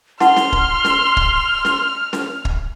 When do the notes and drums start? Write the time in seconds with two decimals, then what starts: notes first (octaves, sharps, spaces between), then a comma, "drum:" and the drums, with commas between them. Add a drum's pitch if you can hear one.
0.20 E4 F#5 A5 C6 F6, drum: snare
0.36 drum: snare
0.52 drum: kick
0.85 drum: snare
1.17 drum: kick
1.65 drum: snare
2.13 drum: snare
2.45 drum: kick